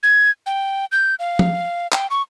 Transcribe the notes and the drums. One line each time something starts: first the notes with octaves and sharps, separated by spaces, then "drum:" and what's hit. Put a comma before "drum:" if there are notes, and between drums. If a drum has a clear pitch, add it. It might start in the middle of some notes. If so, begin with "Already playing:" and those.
G#6
G5
G6
F5
drum: tom F3
G5, drum: clap
C#6